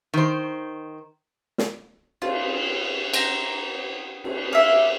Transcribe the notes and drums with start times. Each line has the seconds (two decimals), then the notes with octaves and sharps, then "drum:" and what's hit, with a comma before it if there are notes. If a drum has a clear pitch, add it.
0.14 D#3 C5
1.58 drum: snare
2.22 F4, drum: cymbal
3.14 C5 A#5, drum: cymbal
4.24 drum: cymbal
4.53 A#3 E5